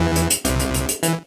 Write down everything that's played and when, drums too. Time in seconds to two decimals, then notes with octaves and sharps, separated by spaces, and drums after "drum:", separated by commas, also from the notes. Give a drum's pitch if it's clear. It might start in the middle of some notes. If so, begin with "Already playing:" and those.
Already playing: E2 E3
0.15 drum: hi-hat
0.30 drum: hi-hat
0.44 C2 C3, drum: hi-hat
0.59 drum: hi-hat
0.74 drum: hi-hat
0.88 drum: hi-hat
1.03 E3, drum: hi-hat